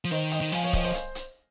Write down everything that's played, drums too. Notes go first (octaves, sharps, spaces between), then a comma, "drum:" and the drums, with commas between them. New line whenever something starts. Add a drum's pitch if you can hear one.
F3
D#3 C5 D#5
D#5 G5, drum: hi-hat
D#3
F3 F5 G#5, drum: hi-hat
C#5 F5
C5 D#5, drum: kick C#1, hi-hat
C5 D#5
drum: hi-hat
drum: hi-hat